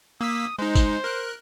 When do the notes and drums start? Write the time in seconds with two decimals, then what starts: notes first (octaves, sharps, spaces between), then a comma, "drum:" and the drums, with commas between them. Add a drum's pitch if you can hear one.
0.21 A#3 D#6 E6 B6
0.59 G#3 D#4 C5
0.75 drum: kick F#1, tambourine
1.04 A#4 F#6